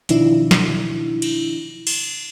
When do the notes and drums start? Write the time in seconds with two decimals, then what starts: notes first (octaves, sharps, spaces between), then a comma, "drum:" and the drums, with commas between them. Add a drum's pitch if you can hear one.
0.09 B2 D#3 F3 D4 E4, drum: hi-hat
0.51 drum: snare
1.22 drum: cymbal
1.87 drum: cymbal